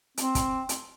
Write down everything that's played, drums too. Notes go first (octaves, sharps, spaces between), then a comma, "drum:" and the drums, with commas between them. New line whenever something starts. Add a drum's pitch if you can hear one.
C4, drum: hi-hat
drum: kick, hi-hat
drum: hi-hat